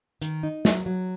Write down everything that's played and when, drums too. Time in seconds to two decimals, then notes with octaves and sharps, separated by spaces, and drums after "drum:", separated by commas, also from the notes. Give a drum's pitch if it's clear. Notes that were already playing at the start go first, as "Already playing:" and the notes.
0.21 D#3, drum: hi-hat
0.43 D#4
0.65 F#3, drum: snare
0.86 F#3